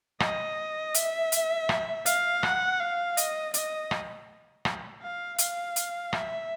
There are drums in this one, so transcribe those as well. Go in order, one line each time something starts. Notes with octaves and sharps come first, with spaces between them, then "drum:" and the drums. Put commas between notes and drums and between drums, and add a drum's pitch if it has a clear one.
D#5, drum: rim click
E5, drum: hi-hat
drum: hi-hat
drum: rim click
F5, drum: hi-hat
F#5, drum: rim click
F5
D#5, drum: hi-hat
D#5, drum: hi-hat
drum: rim click
drum: rim click
F5
F5, drum: hi-hat
drum: hi-hat
E5, drum: rim click